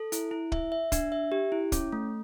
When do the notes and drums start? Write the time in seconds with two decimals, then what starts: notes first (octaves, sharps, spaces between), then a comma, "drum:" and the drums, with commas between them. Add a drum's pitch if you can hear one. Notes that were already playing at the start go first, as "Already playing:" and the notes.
Already playing: A4
0.12 E4, drum: hi-hat
0.31 E4
0.52 E5, drum: kick
0.72 E5
0.92 D4, drum: kick, hi-hat
1.12 E5
1.32 G4
1.52 E4
1.72 C#4, drum: kick, hi-hat
1.92 A3